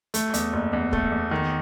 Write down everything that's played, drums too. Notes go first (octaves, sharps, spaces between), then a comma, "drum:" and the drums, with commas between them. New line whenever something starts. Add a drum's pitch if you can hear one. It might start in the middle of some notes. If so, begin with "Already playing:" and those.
A3, drum: hi-hat
E2, drum: hi-hat
F#1
E2
A3, drum: kick
E2
D#3